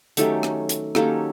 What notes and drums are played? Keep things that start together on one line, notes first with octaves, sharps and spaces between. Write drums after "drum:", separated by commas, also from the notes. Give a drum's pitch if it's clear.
D#3 F#3 A3 C#4 G4 A4, drum: hi-hat
drum: rim click
drum: hi-hat
D#3 F#3 A#3 C#4 G4 A4, drum: rim click